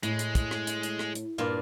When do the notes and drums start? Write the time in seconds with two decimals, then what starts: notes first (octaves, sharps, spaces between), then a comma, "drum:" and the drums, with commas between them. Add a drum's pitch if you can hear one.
0.03 A2 G#3, drum: hi-hat
0.19 drum: hi-hat
0.35 drum: kick, hi-hat
0.51 drum: rim click
0.67 drum: hi-hat
0.83 drum: hi-hat
0.99 drum: rim click
1.15 drum: hi-hat
1.38 G2 A#2 F5